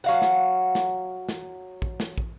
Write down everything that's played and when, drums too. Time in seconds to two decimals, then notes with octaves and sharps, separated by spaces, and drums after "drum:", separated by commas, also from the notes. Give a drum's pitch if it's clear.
0.04 F#3 F5 F#5
0.22 drum: snare
0.75 drum: snare
1.29 drum: snare
1.82 drum: kick
2.00 drum: snare
2.18 drum: kick